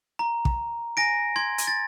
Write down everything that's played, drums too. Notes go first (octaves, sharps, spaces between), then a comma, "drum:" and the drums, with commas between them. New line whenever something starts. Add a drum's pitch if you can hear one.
A#5
drum: kick
G#5 A#6 D7
C6 G#6
drum: hi-hat
A6